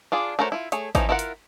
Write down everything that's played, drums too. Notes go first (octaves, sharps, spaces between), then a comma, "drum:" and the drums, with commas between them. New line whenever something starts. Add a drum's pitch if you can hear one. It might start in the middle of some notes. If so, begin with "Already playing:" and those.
D4 F4 G#4
A3 F#4 A#4 C5 C#5
E4 F4
A3 G#4 C#5, drum: hi-hat
E3 F3 C#4 D#4, drum: kick G#1, hi-hat
E4 F4 A#4 D#5 F#5
drum: hi-hat